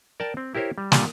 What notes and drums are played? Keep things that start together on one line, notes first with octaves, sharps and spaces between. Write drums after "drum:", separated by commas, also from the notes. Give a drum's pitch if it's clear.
A#4 D5 G5 A5
C4
E4 G4 A#4 C5 C#5
G3
A#2 D3 G3 F4, drum: snare